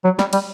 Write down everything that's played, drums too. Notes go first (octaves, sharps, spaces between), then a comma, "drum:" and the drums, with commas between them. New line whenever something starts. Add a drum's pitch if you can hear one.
F#3
G3, drum: snare
G3, drum: cymbal